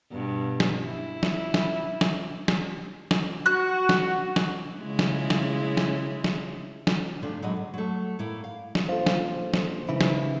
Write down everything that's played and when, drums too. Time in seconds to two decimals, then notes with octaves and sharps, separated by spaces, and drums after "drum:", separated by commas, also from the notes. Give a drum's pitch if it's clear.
0.11 G2 B2
0.60 drum: snare
0.85 E4
1.23 drum: snare
1.54 drum: snare
2.01 drum: snare
2.48 drum: snare
3.11 drum: snare
3.46 F#4 F#6
3.89 drum: snare
4.36 drum: snare
4.79 C#3 G#3 E4
4.99 drum: snare
5.30 drum: snare
5.77 drum: snare
6.24 drum: snare
6.87 drum: snare
7.22 C3 F3 A3 D4
7.42 A2 F#3 G#3 D4 D#5
7.56 D2
7.74 F#3 A3
8.19 A2 A#3 E4
8.44 F5
8.75 drum: snare
8.89 A#1 F4 A4 C5
9.07 drum: snare
9.54 drum: snare
9.89 G#2 C#3 E3 E4
10.01 drum: snare